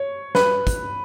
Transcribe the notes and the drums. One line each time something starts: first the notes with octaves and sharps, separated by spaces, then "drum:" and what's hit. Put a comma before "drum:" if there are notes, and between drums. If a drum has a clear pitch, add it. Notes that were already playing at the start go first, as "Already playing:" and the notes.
Already playing: C#5
B4, drum: snare
drum: kick, hi-hat